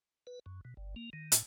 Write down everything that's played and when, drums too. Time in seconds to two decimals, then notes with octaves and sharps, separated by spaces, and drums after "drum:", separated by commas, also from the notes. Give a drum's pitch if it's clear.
0.27 B4
0.46 F#2
0.65 B2
0.77 G1
0.96 A#3
1.13 D#3
1.32 A2, drum: hi-hat